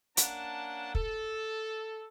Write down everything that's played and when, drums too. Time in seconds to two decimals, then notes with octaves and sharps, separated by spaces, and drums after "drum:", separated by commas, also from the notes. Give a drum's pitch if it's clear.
0.17 A#3 C#4 D4 F#5 A5, drum: hi-hat
0.95 A4, drum: kick